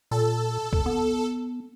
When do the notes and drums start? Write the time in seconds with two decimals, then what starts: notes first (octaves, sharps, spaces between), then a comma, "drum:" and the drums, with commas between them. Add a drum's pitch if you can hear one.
0.11 A#2 A4
0.73 drum: kick C2
0.86 B3